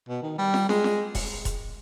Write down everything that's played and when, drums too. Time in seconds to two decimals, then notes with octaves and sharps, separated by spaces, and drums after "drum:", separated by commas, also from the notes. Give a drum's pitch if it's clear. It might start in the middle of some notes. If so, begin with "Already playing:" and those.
0.09 B2
0.23 D#3
0.38 G3
0.54 drum: snare
0.69 G#3, drum: snare
0.84 drum: snare
1.15 drum: kick E1, open hi-hat
1.45 drum: kick E1, hi-hat